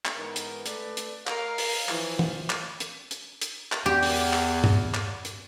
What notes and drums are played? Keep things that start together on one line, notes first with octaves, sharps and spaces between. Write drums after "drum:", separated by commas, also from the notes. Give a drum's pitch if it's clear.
drum: clap
G#2 E3 B3 D#4 A#4
drum: hi-hat
A3 B4 D5, drum: hi-hat
drum: hi-hat
A#4 D#5 F5, drum: clap
drum: open hi-hat
E3 F3, drum: clap
drum: tom
drum: clap
drum: hi-hat
drum: hi-hat
drum: hi-hat
drum: clap
E2 G4
drum: open hi-hat
drum: clap
drum: tom G2
drum: clap
drum: hi-hat